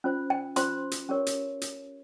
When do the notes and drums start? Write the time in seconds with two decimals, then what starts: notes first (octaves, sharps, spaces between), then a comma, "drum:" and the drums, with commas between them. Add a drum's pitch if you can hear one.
0.04 C#4 F4 C5
0.30 G5
0.56 C#4 F4 C5 C6, drum: hi-hat
0.91 drum: hi-hat
1.09 C#4 G4 A#4 C#5
1.26 drum: hi-hat
1.61 drum: hi-hat